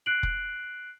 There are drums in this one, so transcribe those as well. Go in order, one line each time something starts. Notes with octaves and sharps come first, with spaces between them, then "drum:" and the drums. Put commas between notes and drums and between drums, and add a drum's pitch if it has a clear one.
F#6 C7 D7 F#7
drum: kick F1